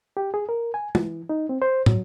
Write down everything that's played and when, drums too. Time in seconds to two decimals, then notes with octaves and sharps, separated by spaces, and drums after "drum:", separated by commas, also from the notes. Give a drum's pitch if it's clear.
0.17 G4
0.34 G#4
0.49 A#4
0.74 G#5
0.95 E3, drum: tom
1.29 D#4
1.49 C4
1.62 C5
1.86 F#3, drum: tom